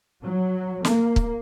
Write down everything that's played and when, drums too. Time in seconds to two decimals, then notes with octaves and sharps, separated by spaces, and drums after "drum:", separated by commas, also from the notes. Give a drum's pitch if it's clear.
0.24 F#3
0.85 A#3, drum: snare
1.16 drum: kick